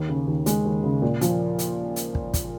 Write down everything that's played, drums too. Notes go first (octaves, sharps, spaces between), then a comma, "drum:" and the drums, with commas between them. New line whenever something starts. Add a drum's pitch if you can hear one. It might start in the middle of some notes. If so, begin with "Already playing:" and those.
Already playing: D#2
C#3
D#2
G#3, drum: hi-hat
D#2
C#3
A#2
F3, drum: hi-hat
drum: hi-hat
drum: hi-hat
drum: kick
drum: kick, hi-hat